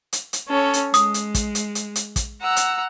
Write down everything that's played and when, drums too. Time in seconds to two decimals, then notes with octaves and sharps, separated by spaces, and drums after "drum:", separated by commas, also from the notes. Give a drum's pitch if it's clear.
0.13 drum: hi-hat
0.33 drum: hi-hat
0.47 C#4 A4 C#5
0.74 drum: hi-hat
0.94 G#3 D#6, drum: hi-hat
1.14 drum: hi-hat
1.35 drum: kick, hi-hat
1.55 drum: hi-hat
1.75 drum: hi-hat
1.96 drum: hi-hat
2.16 drum: kick, hi-hat
2.41 F#5 A#5 E6
2.56 drum: hi-hat